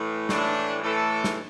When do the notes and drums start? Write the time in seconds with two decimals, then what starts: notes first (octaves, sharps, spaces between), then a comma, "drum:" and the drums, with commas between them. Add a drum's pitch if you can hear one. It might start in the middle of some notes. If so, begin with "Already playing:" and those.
Already playing: A2 E3
0.29 A2 E3 D4, drum: snare
0.83 A2 E3 A4
1.24 drum: snare